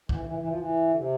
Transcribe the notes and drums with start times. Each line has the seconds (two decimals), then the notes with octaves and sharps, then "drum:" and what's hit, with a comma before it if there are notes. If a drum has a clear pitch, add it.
0.09 E3, drum: kick
0.25 E3
0.39 E3
0.49 F3
0.58 E3
0.92 D3
0.96 C3